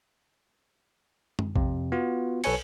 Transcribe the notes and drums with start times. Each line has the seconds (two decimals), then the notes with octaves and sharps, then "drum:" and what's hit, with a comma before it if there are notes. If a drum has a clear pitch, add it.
1.39 drum: tom
1.56 F2 C3, drum: kick A#1
1.92 B3 F4 F#4
2.44 B1 A4 B4 C#5 G#5 C#7, drum: cymbal